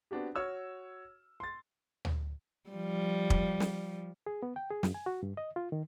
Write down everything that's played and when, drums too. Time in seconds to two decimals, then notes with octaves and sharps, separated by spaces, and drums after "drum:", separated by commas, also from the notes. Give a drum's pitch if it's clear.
0.11 B3 C4 D4 F#4 G4
0.35 F#4 C#5 E6 F6
1.40 C6 A6
2.05 drum: tom
2.70 F3 G3
3.30 drum: kick
3.60 drum: snare
4.26 G#4
4.43 B3
4.56 G5
4.71 G#4
4.83 F#2, drum: snare
4.94 G#5
5.06 F#4
5.23 G2
5.37 D#5
5.56 F4
5.72 D#3